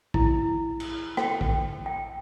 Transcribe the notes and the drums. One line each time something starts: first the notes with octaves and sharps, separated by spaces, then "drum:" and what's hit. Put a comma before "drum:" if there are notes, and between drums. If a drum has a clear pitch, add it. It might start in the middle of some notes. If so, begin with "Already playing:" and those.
E4, drum: kick A#1
drum: cymbal
G5, drum: rim click
drum: kick A#1
G5